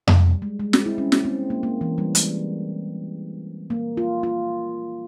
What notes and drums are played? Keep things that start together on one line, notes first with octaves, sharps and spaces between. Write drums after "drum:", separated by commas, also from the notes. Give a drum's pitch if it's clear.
G3, drum: tom F2
G#3
G#3
C4, drum: snare
E4
C#4
A#3, drum: snare
C4
A#3
A#3
E3
G3
G#3, drum: hi-hat
A#3
F4
F4